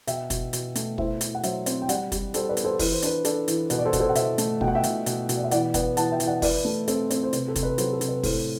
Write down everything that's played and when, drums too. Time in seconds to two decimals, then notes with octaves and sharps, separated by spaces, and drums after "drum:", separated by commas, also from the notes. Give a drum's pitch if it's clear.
0.07 B2 E5 G5, drum: hi-hat
0.30 B2, drum: kick, hi-hat
0.53 B2, drum: hi-hat
0.75 A3, drum: hi-hat
0.98 E4 C5 E5, drum: kick
1.21 E4, drum: hi-hat
1.35 F#5
1.43 F#3 C5 E5, drum: hi-hat
1.66 C4, drum: hi-hat
1.82 G5
1.89 G3 D5 F#5, drum: hi-hat
2.12 G3, drum: kick, hi-hat
2.34 G3 A4 C5, drum: hi-hat
2.49 B4 D5
2.57 B3, drum: hi-hat
2.64 A4 C5
2.79 E3 B4, drum: kick, open hi-hat
2.92 C5
3.02 D4 B4, drum: hi-hat
3.25 D4 A4, drum: hi-hat
3.48 E3, drum: hi-hat
3.70 B2 B4, drum: hi-hat
3.78 D5
3.85 A4 C5
3.93 B2, drum: kick, hi-hat
4.00 A4 C5
4.09 F#5
4.15 B2 C5 E5, drum: hi-hat
4.38 A3, drum: hi-hat
4.61 B2 G5, drum: kick
4.68 F#5
4.75 E5 G5
4.83 B2, drum: hi-hat
5.06 B2, drum: hi-hat
5.29 B2, drum: hi-hat
5.37 D5
5.44 E5
5.51 E3 D5 F#5, drum: hi-hat
5.74 B3 D5 F#5, drum: kick, hi-hat
5.97 E3 F#5 A5, drum: hi-hat
6.12 E5 G5
6.20 E3, drum: hi-hat
6.27 D5 F#5
6.42 E4 B4 D5, drum: kick, open hi-hat
6.65 A3
6.88 C4 A4 C5, drum: hi-hat
7.10 C4, drum: hi-hat
7.23 C5
7.33 C3 B4, drum: hi-hat
7.48 A4
7.56 C3, drum: kick, hi-hat
7.63 B4
7.78 F#3 A4 C5, drum: hi-hat
7.93 A4
8.01 C3, drum: hi-hat
8.08 B4
8.23 A2 A4 C5, drum: kick, open hi-hat